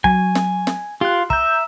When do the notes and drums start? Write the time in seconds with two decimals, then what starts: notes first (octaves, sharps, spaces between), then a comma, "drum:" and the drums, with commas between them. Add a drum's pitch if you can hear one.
0.04 F#3 G#5, drum: kick
0.35 drum: snare
0.67 drum: snare
1.01 F4 G4 F#6
1.30 E5 A#5 G6, drum: kick